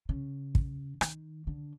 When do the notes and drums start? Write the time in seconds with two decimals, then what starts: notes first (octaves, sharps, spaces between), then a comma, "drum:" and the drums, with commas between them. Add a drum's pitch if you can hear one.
0.09 C#3
0.55 drum: kick
1.01 D#3, drum: rim click
1.47 D3